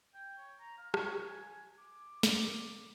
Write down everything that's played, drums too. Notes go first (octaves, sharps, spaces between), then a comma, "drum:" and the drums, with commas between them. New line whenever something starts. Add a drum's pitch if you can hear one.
G5
C#5
A#5
F5
C#5, drum: rim click
G#5
D6
drum: snare